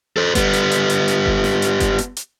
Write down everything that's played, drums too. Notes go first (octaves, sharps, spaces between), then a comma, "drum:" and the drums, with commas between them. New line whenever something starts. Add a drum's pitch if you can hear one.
A4 C5
G3 B3, drum: kick F#1, hi-hat
drum: hi-hat
drum: hi-hat
drum: hi-hat
drum: hi-hat
drum: kick F#1
drum: snare
drum: hi-hat
drum: kick F#1, hi-hat
drum: hi-hat
drum: hi-hat